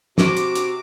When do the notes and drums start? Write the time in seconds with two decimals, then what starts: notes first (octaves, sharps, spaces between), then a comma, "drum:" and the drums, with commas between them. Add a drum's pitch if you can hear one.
0.18 C3 F#4 D6, drum: snare
0.37 drum: hi-hat
0.55 drum: hi-hat